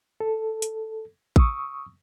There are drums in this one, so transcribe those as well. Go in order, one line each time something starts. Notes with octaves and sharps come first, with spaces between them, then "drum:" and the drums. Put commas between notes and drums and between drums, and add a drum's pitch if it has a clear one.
A4
drum: hi-hat
C#6 D#6 E6, drum: kick A1